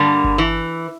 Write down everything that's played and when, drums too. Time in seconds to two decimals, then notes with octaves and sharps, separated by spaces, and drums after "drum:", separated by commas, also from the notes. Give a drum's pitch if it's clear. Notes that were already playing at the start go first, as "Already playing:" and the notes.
Already playing: G2 D3 G3 A#3
0.24 drum: kick G1
0.38 E3